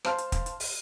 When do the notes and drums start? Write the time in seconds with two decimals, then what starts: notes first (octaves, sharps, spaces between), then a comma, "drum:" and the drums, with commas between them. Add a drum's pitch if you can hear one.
0.05 C5 F5 A5 C6 F6, drum: rim click
0.18 drum: hi-hat
0.32 drum: kick, hi-hat
0.46 drum: hi-hat
0.60 drum: open hi-hat